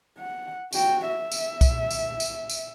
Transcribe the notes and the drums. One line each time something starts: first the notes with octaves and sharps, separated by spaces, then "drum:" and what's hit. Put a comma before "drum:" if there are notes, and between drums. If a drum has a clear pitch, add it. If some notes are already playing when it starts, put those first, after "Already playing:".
F#5
F#4 G5, drum: tambourine
E5
drum: tambourine
drum: kick C2, tambourine
drum: tambourine
drum: tambourine
drum: tambourine